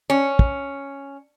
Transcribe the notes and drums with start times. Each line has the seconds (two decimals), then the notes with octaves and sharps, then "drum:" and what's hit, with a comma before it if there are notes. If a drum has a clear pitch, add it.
0.10 C#4
0.39 drum: kick